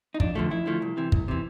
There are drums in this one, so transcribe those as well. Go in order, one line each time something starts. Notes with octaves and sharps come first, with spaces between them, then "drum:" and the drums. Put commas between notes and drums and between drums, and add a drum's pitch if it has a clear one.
D#4
F2 D4, drum: kick
D3 F3 A3
F2 E4
D3 F3 A3
C2
C3 E3
C2, drum: kick
C3 E3